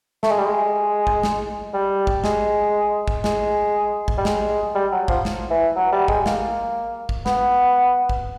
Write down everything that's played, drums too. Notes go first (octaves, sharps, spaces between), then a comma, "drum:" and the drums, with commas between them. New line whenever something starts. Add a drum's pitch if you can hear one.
A3, drum: snare
G#3
G3
G#3
drum: kick
drum: snare
G3
drum: kick
G#3, drum: snare
drum: kick
G#3, drum: snare
drum: kick
G3
G#3, drum: snare
G3
F#3
F3, drum: kick
drum: snare
E3
F#3
G3
G#3, drum: kick
A#3, drum: snare
drum: kick
B3, drum: snare
drum: kick